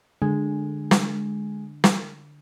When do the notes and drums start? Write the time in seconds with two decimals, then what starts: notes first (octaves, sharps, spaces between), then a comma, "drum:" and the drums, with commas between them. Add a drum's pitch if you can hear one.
0.22 D3 G#3
0.91 drum: snare
1.84 drum: snare